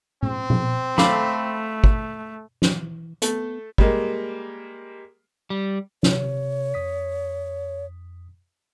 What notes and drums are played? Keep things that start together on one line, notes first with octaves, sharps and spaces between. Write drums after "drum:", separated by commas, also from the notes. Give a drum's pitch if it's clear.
C4, drum: tom A2
drum: tom
A3 A4 F5 B5 D6, drum: snare
drum: kick
E3, drum: snare
A3 B3 A4, drum: hi-hat
G3 G#3 A#3, drum: kick
G3
C3 C#5, drum: snare
F2 D#6 B6